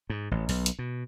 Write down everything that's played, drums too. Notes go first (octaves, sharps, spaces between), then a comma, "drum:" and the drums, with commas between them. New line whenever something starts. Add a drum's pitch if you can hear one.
G#2
A1
B1, drum: open hi-hat
drum: hi-hat
B2